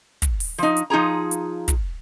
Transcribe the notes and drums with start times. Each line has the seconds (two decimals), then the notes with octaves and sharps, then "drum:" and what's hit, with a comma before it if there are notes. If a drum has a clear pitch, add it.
0.22 drum: kick, hi-hat
0.40 drum: open hi-hat
0.58 F3 D#4
0.77 drum: hi-hat
0.90 F3 D#4 F4 G#4 A#5
1.31 drum: hi-hat
1.68 drum: kick, hi-hat